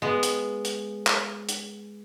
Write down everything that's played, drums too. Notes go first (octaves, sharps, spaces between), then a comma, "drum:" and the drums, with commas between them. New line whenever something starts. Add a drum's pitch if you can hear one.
G#3 B3
drum: hi-hat
drum: hi-hat
drum: clap
drum: hi-hat